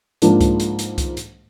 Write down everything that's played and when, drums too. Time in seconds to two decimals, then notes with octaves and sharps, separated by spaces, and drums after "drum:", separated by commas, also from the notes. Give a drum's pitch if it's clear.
0.22 G#2 F3 A#3 D4, drum: hi-hat
0.41 drum: kick C2, hi-hat
0.60 drum: hi-hat
0.79 drum: hi-hat
0.98 drum: kick C2, hi-hat
1.17 drum: hi-hat